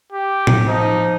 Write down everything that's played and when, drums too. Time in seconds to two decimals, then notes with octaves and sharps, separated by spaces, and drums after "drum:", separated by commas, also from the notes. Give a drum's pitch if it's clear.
0.12 G4
0.47 drum: tom A2
0.67 F3 D#4